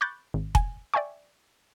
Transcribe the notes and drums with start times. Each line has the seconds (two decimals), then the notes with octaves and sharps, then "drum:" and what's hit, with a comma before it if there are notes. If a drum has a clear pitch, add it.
0.01 B5 C#6 D6 F#6 G6 A6
0.34 G#1
0.55 G#5, drum: kick F1
0.94 D5 E5 G5 G#5 C#6